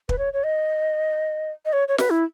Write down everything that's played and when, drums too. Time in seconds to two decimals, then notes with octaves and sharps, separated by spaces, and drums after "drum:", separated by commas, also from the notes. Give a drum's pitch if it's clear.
0.09 B4, drum: kick
0.18 C#5
0.33 C#5
0.44 D#5
1.65 D#5
1.73 C#5
1.88 C#5
1.98 B4, drum: snare
2.10 E4